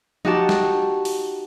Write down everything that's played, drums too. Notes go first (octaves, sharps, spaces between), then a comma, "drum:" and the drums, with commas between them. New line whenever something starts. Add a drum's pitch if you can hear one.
D#4 F#4 G4 F#5 A5, drum: tom F3
drum: snare
drum: open hi-hat